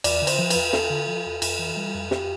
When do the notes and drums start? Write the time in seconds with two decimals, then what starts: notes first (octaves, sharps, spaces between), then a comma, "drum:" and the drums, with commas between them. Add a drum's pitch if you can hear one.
0.04 E2 D5, drum: cymbal
0.22 D3
0.27 C5, drum: cymbal
0.39 F3
0.50 B4, drum: cymbal
0.55 E2
0.73 E2 A4, drum: snare
0.90 D3
1.07 F3
1.25 E2
1.42 F2, drum: cymbal
1.59 E3
1.77 G3
1.94 F2
2.11 F2 G4, drum: snare